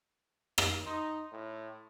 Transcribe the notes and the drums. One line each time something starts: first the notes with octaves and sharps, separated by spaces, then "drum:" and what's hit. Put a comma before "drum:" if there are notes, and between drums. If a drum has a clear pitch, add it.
drum: rim click
D#4 C6 D#6
A2